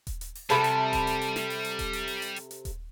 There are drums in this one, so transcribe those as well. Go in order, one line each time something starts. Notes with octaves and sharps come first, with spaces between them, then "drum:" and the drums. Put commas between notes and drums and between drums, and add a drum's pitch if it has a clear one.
drum: kick D#1, hi-hat
drum: hi-hat
drum: open hi-hat
C3 G3 A4 E5 A5 B5, drum: hi-hat
drum: hi-hat
drum: kick D#1, hi-hat
drum: hi-hat
drum: hi-hat
drum: snare
drum: open hi-hat
drum: hi-hat
drum: kick D#1, hi-hat
drum: hi-hat
drum: open hi-hat
drum: hi-hat
drum: hi-hat
drum: hi-hat
drum: kick D#1, hi-hat